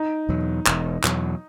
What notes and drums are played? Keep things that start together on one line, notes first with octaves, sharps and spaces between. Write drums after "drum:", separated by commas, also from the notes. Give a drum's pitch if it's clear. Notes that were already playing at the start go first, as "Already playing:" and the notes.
Already playing: D#4
E2 B2 F#3
E1, drum: clap
E2 B2 F#3, drum: clap